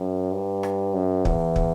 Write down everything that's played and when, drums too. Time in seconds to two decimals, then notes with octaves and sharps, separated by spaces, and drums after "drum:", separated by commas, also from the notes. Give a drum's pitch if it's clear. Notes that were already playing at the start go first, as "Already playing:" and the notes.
Already playing: F#2
0.33 G2
0.63 drum: rim click
0.94 F#2
1.25 E2, drum: kick
1.56 drum: kick